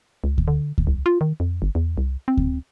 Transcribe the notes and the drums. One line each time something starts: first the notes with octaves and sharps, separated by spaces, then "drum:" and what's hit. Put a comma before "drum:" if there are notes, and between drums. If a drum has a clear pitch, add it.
C#2
drum: kick D2
D3
drum: kick D2
C2
F4
D#3
F2
G1
E2
C2
C4
drum: kick D2